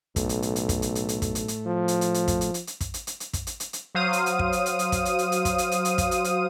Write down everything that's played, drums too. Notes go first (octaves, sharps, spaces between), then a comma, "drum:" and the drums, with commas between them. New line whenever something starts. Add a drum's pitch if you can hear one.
B1 A2 A3, drum: kick, hi-hat
drum: hi-hat
drum: hi-hat
drum: hi-hat
drum: kick, hi-hat
drum: hi-hat
drum: hi-hat
drum: hi-hat
drum: kick, hi-hat
drum: hi-hat
drum: hi-hat
F3
drum: hi-hat
drum: hi-hat
drum: hi-hat
drum: kick, hi-hat
drum: hi-hat
drum: hi-hat
drum: hi-hat
drum: kick, hi-hat
drum: hi-hat
drum: hi-hat
drum: hi-hat
drum: kick, hi-hat
drum: hi-hat
drum: hi-hat
drum: hi-hat
F#3 C5 F5 D#6 D#7
drum: hi-hat
drum: hi-hat
drum: kick
drum: hi-hat
drum: hi-hat
drum: hi-hat
drum: kick, hi-hat
drum: hi-hat
drum: hi-hat
drum: hi-hat
drum: kick, hi-hat
drum: hi-hat
drum: hi-hat
drum: hi-hat
drum: kick, hi-hat
drum: hi-hat
drum: hi-hat